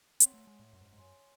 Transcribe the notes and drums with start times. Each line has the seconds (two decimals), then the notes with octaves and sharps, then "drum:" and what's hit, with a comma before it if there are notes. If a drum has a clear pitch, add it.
0.20 C4 C#5 F#5 C6, drum: hi-hat
0.34 A3
0.47 G#3
0.59 A2
0.73 F#2
0.81 G#2
0.85 F#2
0.92 G#2
0.98 F#2 C#5 G#5 C6